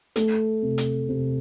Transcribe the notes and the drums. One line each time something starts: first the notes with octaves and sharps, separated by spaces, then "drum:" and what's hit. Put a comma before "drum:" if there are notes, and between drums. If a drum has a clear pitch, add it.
A3, drum: hi-hat
C3
drum: hi-hat
C3